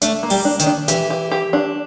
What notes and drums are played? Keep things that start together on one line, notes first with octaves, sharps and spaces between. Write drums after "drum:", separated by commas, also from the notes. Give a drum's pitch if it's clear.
A3 D4, drum: hi-hat
A#3
G3, drum: open hi-hat
D4
D#3, drum: hi-hat
D4
E3 G4, drum: hi-hat
G4
G4
D4